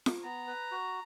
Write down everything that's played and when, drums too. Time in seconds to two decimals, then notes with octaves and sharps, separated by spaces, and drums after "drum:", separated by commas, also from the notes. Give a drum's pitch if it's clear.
0.06 drum: snare F4
0.24 B3 A#5
0.47 B4
0.71 F#4